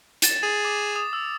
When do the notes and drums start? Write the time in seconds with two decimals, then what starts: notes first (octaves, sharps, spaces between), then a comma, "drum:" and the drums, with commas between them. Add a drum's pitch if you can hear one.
0.22 A6 E7, drum: hi-hat
0.43 G#4
0.65 D6
0.96 D#6
1.13 E6